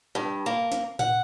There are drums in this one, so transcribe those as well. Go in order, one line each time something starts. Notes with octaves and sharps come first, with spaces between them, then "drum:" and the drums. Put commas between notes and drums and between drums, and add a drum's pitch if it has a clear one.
G2
A#3
drum: snare
F#5, drum: tom A2